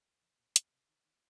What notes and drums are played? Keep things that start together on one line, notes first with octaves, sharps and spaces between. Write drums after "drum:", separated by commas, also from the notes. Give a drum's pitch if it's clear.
F2 F3
A#2 A#3
C3 C4, drum: hi-hat
C3 C4
D#3 D#4
D#3 D#4